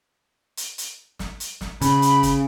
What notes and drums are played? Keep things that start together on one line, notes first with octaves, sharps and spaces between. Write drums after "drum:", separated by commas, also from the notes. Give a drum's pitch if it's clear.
drum: hi-hat
drum: hi-hat
drum: snare
drum: hi-hat
drum: snare
C#3 B5, drum: hi-hat
drum: hi-hat
drum: kick, hi-hat